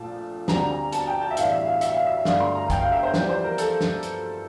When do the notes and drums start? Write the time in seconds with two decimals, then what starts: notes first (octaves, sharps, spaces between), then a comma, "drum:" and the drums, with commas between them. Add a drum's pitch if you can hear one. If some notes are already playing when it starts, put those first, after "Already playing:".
Already playing: A#1 A#2 F3 A3 A5
0.48 D2 D3 G3 C4 A#5, drum: snare
0.70 A#5
0.93 A5, drum: hi-hat
1.07 G5
1.22 A5
1.31 E5
1.37 A1 A2 G3 D4 F5, drum: hi-hat
1.52 E5
1.66 F5
1.81 E5, drum: hi-hat
1.94 F5
2.07 E5
2.25 G2 D3 A3 D4 F5, drum: snare
2.40 C6
2.55 A#5
2.70 G5, drum: kick, hi-hat
2.81 F5
2.92 E5
3.03 C5
3.14 F2 E3 G3 C5, drum: snare
3.29 C5
3.44 A#4
3.58 A4, drum: hi-hat
3.81 drum: snare
4.03 drum: hi-hat